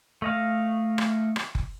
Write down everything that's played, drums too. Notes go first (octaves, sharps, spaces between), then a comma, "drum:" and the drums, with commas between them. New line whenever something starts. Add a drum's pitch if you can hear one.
A3 D#5 F5
drum: rim click
drum: rim click
drum: kick F#1